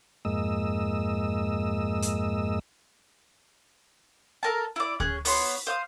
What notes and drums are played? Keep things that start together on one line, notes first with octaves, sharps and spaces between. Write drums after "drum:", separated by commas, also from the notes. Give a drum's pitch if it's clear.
F2 G#2 G#3 A#3 D#5 E6
drum: hi-hat
A4 A#4 A5
E4 D5
C#4 G#4 F#6, drum: kick D2
B3 C#5 C6, drum: open hi-hat
C5 F5 D#6